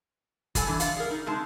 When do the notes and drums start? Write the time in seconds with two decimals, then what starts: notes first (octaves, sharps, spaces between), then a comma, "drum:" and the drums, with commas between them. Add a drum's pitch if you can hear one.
0.55 F#3 G3 A4 F#5 G#5, drum: kick G1, hi-hat
0.67 D3 E3 G3
0.80 D5 F5 F#5, drum: hi-hat
0.97 G#4 A#4
1.11 D#4
1.26 C3 G#3 D#4 A5